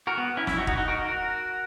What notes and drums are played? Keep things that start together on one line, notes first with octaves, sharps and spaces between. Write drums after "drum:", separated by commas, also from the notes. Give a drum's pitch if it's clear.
F#4 A#4
B3
C#4 E4
C#4 E4, drum: snare
D#4 F#4
D#4 F#4, drum: kick E1
D#4 F#4
F#4 A#4
F#4 A#4